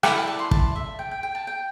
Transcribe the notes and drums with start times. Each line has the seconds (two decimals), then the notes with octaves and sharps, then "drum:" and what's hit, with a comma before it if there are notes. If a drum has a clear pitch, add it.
0.03 E4 A4 D5 G5, drum: rim click
0.16 A5
0.27 A5
0.39 C6
0.51 A5, drum: kick
0.76 E5
0.99 G5
1.11 G5
1.23 G5
1.35 A5
1.47 G5